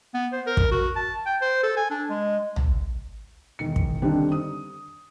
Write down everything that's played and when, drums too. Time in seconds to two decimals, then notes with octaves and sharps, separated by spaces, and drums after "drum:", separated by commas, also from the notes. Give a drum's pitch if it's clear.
0.14 B3
0.32 C5
0.47 A#4
0.57 drum: kick
0.71 F#4
0.96 A5
1.26 G5
1.41 C5
1.63 A4
1.77 G#5
1.90 D4
2.10 G#3
2.56 drum: tom
3.59 E1 D#3 C#7
3.76 drum: kick
4.02 D3 D#3 G3 C4 D4
4.32 D#6